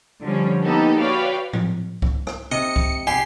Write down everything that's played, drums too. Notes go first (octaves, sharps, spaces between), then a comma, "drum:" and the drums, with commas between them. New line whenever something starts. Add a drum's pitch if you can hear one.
D3 F3 G3 C#4
A#3 B3 D#4 G4 A4
F#4 B4 C#5 D5 F5 G5
drum: tom A2
drum: kick C2
drum: rim click
C3 D#5 C#7
drum: kick C2
G4 G#5 C7